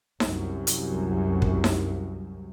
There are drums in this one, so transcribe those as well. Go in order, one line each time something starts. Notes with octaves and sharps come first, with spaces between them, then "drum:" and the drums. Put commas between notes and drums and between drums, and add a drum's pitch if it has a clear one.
C2 F#2, drum: snare D#4
drum: hi-hat
drum: kick
drum: snare D#4